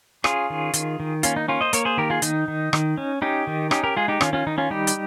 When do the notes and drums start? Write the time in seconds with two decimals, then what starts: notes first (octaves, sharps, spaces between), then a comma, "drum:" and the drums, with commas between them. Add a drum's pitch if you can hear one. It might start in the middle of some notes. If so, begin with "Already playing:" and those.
0.24 C#4 F4 G#4, drum: rim click
0.50 D#3
0.74 D#3, drum: hi-hat
1.00 D#3
1.23 A#3 C#4 F4, drum: hi-hat
1.36 D#4
1.48 A#3 C#4 F4
1.61 C5 D#5
1.73 A#3 A#4 C#5, drum: hi-hat
1.85 G#4 C5
1.98 D#3 G4 A#4
2.10 F4 G#4
2.22 D#3 D#4, drum: hi-hat
2.48 D#3
2.73 D#3, drum: rim click
2.97 C#4
3.22 C#4 D#4 G4
3.47 D#3
3.71 C#4 D#4 G4, drum: rim click
3.84 G4 A#4
3.96 G#3 F4 G#4
4.08 D#4 G4
4.21 D#3 C#4 F4, drum: rim click
4.33 C#4 F4
4.47 D#3 D#4
4.58 C#4 F4
4.70 G3 D#4 G4
4.87 drum: hi-hat